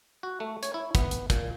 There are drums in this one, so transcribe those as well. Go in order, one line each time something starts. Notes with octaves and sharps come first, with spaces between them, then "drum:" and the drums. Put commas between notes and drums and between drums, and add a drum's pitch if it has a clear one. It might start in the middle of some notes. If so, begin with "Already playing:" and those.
F#4
A3
C#5, drum: hi-hat
E4
B3, drum: kick, hi-hat
drum: hi-hat
A#2, drum: kick, hi-hat